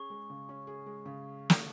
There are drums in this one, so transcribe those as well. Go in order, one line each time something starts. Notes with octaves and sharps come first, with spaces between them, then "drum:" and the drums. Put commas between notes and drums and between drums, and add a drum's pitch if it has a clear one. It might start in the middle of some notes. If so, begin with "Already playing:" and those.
Already playing: C#4 G#4 C#6
G#3
C#3
C#4
G#4
G#3
C#3
drum: snare